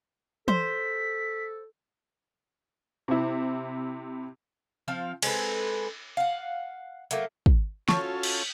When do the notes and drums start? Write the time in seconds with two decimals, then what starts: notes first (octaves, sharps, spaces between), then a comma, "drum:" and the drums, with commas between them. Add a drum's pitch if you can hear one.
0.48 A4 C5 B6, drum: tom E3
3.08 C3 E4
4.88 F3 C4 F5
5.22 G#3 C4 A4 B4, drum: cymbal
6.17 F5 F#5
7.11 F#3 A3 A#3, drum: hi-hat
7.46 drum: kick
7.89 C#4 F4 F#4 A4 C#5 A5 C#6, drum: snare
8.23 drum: cymbal